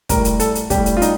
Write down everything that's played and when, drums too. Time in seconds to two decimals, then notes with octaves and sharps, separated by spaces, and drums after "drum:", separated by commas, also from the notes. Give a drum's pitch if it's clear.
0.09 A2 G3 A#4, drum: kick, hi-hat
0.25 drum: hi-hat
0.40 A4, drum: hi-hat
0.55 drum: hi-hat
0.70 A2 G3 G4, drum: kick, hi-hat
0.86 drum: hi-hat
0.97 F4
1.02 D#4, drum: hi-hat